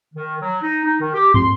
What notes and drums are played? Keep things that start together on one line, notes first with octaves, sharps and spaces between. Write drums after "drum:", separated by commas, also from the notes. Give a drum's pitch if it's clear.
D#3
F#3
D#4
D#4
D#3
G4
C6, drum: tom